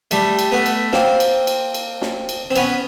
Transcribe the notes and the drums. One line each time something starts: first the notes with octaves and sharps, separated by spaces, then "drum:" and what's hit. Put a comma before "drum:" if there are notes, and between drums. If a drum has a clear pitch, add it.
G3 A3, drum: cymbal
drum: cymbal
A3 B3
drum: cymbal
A#3 C4, drum: snare
drum: cymbal
drum: cymbal
drum: cymbal
drum: snare
drum: cymbal
C4
B3 C#4, drum: cymbal